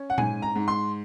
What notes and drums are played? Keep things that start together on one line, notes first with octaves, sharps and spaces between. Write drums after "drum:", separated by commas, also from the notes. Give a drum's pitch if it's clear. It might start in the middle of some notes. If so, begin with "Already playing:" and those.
Already playing: C#4
F#5
G#2 G#5, drum: tom A#2
A#5
G#2
C6